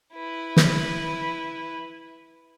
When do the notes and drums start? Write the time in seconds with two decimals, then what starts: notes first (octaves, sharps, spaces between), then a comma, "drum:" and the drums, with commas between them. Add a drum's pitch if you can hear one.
0.14 E4 B4
0.57 drum: snare